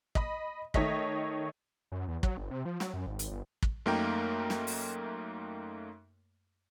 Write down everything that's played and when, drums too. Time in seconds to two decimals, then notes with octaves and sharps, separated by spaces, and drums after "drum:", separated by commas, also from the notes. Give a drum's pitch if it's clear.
0.15 D#5 B5, drum: kick
0.74 D#3 A3 C#5 D#5 B6, drum: kick
1.92 F#2
2.08 E2
2.23 F#3, drum: kick
2.37 G1
2.51 C3
2.65 F3
2.80 F#3, drum: snare
2.94 F#2
3.07 G#1
3.19 G#1, drum: hi-hat
3.31 G1
3.62 drum: kick
3.86 F#2 A3 A#3 D#4 A#4 G5
4.50 drum: snare
4.67 drum: open hi-hat